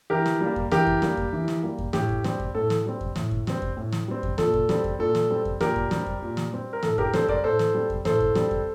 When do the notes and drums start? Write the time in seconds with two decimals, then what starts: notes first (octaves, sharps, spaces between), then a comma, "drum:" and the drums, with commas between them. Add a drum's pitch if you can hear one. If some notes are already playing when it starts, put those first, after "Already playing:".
0.10 E3 G4 A#4
0.26 drum: snare
0.41 G3 A#3
0.56 drum: kick F2
0.71 E3 G4 A#4, drum: snare
0.87 drum: kick F2
1.02 G3 A#3, drum: snare
1.17 drum: kick F2
1.33 E3
1.48 drum: snare
1.63 G3 A#3
1.78 drum: kick F2
1.93 A2 G4, drum: snare
2.09 drum: kick F2
2.24 G3 C4, drum: snare
2.40 drum: kick F2
2.55 A2 A4
2.70 drum: snare
2.86 G3 C4
3.01 drum: kick F2
3.16 A2, drum: snare
3.31 drum: kick F2
3.47 G3 C4, drum: snare
3.62 drum: kick F2
3.77 A2
3.92 drum: snare
4.08 G3 C4
4.23 drum: kick F2
4.38 A#2 A4, drum: snare
4.54 drum: kick F2
4.69 G3 C4, drum: snare
4.84 drum: kick F2
4.99 A#2 A4
5.15 drum: snare
5.30 G3 C4
5.45 drum: kick F2
5.61 A#2 G4 A#4, drum: snare
5.76 drum: kick F2
5.91 G3 C4, drum: snare
6.06 drum: kick F2
6.22 A#2
6.37 drum: snare
6.53 G3 C4
6.73 A#4
6.83 A2 A4, drum: snare
6.98 G4 A#4, drum: kick F2
7.13 G3 C4 A4 C5, drum: snare
7.28 A#4 D5, drum: kick F2
7.44 A2 A4 C5
7.59 drum: snare
7.74 G3 C4
7.90 drum: kick F2
8.05 A2 A4 C5, drum: snare
8.20 drum: kick F2
8.35 G3 C4, drum: snare
8.51 drum: kick F2